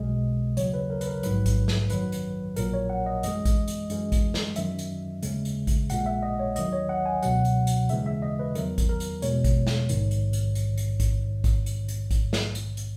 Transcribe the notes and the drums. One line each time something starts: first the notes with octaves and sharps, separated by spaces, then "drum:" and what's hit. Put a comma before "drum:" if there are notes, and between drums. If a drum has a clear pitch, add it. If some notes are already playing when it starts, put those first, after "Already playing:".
Already playing: B1 B2 G#3 D#5
D#2 C#3 F#3 C#5, drum: hi-hat
B4
A#4
B4, drum: hi-hat
A#4
A#1 G#2 F#3 B4, drum: hi-hat
drum: kick A1, hi-hat
drum: snare
F#2 D#3 F#3 B4, drum: hi-hat
drum: hi-hat
A#1 A#2 F#3 A#4, drum: hi-hat
C#5
F#5
D#5
F#2 E3 G#3 D#5, drum: hi-hat
drum: kick A1, hi-hat
drum: hi-hat
F#2 E3 G#3, drum: hi-hat
drum: kick A1, hi-hat
drum: snare
F#2 D#3 F#3 E5, drum: hi-hat
drum: hi-hat
D#2 C#3 G#3, drum: hi-hat
drum: hi-hat
drum: kick A1, hi-hat
A#1 A#2 G#3 F#5, drum: hi-hat
E5
D#5
C#5
D#2 D#3 F#3 D#5, drum: hi-hat
C#5
F#5
G#5
C#2 B2 F#3 F#5, drum: hi-hat
drum: hi-hat
drum: hi-hat
D#2 C#3 E3 G#3 E5, drum: hi-hat
E5
D#5
B4
E2 D#3 F#3 A#4, drum: hi-hat
drum: kick A1, hi-hat
A#4
drum: hi-hat
E2 B2 G#3 C#5, drum: hi-hat
drum: kick A1, hi-hat
drum: snare
A#1 G#2 D#3, drum: hi-hat
drum: hi-hat
drum: hi-hat
drum: hi-hat
drum: hi-hat
drum: kick A1, hi-hat
drum: kick A1, hi-hat
drum: hi-hat
drum: hi-hat
drum: kick A1, hi-hat
drum: snare
drum: hi-hat
drum: hi-hat